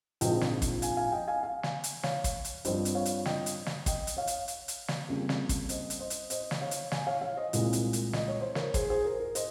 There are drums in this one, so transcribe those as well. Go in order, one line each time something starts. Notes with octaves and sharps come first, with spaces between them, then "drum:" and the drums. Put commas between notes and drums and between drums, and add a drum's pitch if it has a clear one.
A#1 G#2 F3 C4 D#5 G5, drum: hi-hat
drum: snare
drum: kick, hi-hat
F5 G#5, drum: hi-hat
F5 G#5
D#5 G5
F5 G#5
F5 G#5
drum: snare
drum: hi-hat
C#5 F5, drum: snare
drum: kick, hi-hat
drum: hi-hat
G2 F3 C4 C5 D#5, drum: hi-hat
drum: hi-hat
C#5 F5
drum: hi-hat
D#5 G5, drum: snare
drum: hi-hat
drum: snare
D#5 G5, drum: kick, hi-hat
drum: hi-hat
C#5 F5
drum: hi-hat
drum: hi-hat
drum: hi-hat
drum: snare
F2 C#3 G3 A#3
drum: snare
drum: kick, hi-hat
C5 D#5, drum: hi-hat
drum: hi-hat
C5 D#5
drum: hi-hat
C5 D#5, drum: hi-hat
drum: snare
C#5 F5
drum: hi-hat
F5 G#5, drum: snare
C#5 F5
C#5 F5
C5 D#5
C2 A#2 G#3, drum: hi-hat
drum: hi-hat
drum: hi-hat
D#5, drum: snare
C#5
C5
A#4 C#5, drum: snare
G#4 C5, drum: kick, hi-hat
G#4 C5
A#4
A#4
C5 D#5, drum: hi-hat